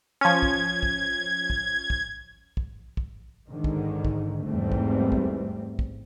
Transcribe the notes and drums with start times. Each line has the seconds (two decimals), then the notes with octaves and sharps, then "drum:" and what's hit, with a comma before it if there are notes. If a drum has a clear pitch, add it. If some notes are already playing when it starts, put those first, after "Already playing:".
0.21 F3 C#4 G#6
0.43 drum: kick
0.83 drum: kick
1.50 drum: kick
1.90 drum: kick
2.57 drum: kick
2.97 drum: kick
3.49 G#2 D3 D#3
3.64 drum: kick
4.05 drum: kick
4.45 E2 G#2 E3 G3 A3 C4
4.72 drum: kick
5.12 drum: kick
5.79 drum: kick